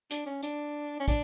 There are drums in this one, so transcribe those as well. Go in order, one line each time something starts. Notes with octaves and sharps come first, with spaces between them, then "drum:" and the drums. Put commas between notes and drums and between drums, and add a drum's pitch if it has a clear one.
D4, drum: hi-hat
C#4
D4, drum: hi-hat
C#4
D4, drum: kick, hi-hat